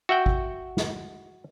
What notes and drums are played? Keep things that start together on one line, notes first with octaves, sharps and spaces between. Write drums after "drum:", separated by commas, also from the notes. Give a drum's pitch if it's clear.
F#4 E5 F#5 G5
drum: kick G#1
drum: snare